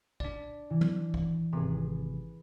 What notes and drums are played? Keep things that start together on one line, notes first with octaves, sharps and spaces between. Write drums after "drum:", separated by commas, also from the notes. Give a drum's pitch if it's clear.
D4 D5, drum: kick
E3
drum: tom
drum: kick
G#1 C3 B3 G#4